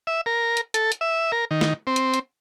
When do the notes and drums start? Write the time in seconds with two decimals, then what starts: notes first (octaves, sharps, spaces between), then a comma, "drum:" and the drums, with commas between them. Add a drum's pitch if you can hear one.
0.07 E5
0.26 A#4
0.57 drum: hi-hat
0.74 A4, drum: hi-hat
0.92 drum: hi-hat
1.01 E5
1.32 A#4
1.51 D#3
1.61 drum: snare
1.87 C4
1.96 drum: hi-hat
2.14 drum: hi-hat